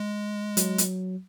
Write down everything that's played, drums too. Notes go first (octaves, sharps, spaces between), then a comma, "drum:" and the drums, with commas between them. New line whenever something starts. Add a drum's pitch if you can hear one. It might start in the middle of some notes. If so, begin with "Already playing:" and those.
Already playing: G#3
F#3, drum: hi-hat
drum: hi-hat